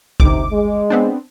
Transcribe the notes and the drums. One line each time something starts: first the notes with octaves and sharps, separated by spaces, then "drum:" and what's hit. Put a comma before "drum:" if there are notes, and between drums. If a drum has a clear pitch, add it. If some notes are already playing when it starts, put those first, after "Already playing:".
G1 D2 C3 D#4 D6, drum: kick B1
G#3
B3 C4 D4